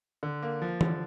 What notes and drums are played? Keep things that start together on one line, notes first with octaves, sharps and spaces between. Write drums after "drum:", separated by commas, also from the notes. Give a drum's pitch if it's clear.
D3
A#3
F3
D3, drum: tom E3